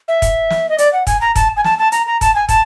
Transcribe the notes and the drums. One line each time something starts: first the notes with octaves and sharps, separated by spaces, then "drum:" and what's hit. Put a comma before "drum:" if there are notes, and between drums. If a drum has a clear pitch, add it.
E5
drum: kick, hi-hat
drum: snare
D#5
D5, drum: hi-hat
F#5
G#5, drum: kick, hi-hat
A#5
A5, drum: kick, hi-hat
G#5
A5, drum: snare
A5
A#5, drum: hi-hat
A#5
A5, drum: kick, hi-hat
G#5
A5, drum: kick, hi-hat